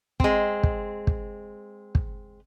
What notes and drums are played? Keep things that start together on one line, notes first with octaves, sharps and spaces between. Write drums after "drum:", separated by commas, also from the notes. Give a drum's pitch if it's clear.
G#3 C4, drum: kick
drum: kick
drum: kick
drum: kick